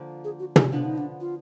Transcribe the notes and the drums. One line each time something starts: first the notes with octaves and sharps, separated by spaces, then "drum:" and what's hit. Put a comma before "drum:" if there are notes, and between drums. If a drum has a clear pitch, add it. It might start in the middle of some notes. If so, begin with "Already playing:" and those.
Already playing: D3 F3 A#3
G#4
F#4
D#4, drum: tom
D3 F3 B3 D4
D#4
D4
F4